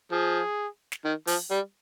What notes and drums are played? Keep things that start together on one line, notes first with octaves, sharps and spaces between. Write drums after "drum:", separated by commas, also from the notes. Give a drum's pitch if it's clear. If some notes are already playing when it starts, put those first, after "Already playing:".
F3 G#4
drum: snare
D#3
F3, drum: open hi-hat
G3